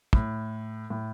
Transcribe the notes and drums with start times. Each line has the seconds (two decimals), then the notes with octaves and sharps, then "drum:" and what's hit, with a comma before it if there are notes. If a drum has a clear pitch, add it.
0.13 A2, drum: kick
0.90 A2